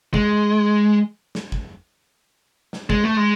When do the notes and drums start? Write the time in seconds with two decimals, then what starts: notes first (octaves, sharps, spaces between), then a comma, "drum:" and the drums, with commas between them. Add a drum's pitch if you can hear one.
0.14 G#3, drum: kick
1.35 drum: snare
1.52 drum: kick
2.73 drum: snare
2.90 G#3, drum: kick
3.04 A3
3.17 G#3